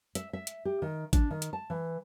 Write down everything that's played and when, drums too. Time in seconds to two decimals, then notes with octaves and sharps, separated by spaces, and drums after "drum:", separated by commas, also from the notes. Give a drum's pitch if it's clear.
0.15 E5, drum: hi-hat
0.33 E5
0.47 drum: hi-hat
0.65 G4
0.82 D#3
1.13 D4, drum: kick G#1, hi-hat
1.31 D#3
1.42 drum: hi-hat
1.53 A5
1.70 E3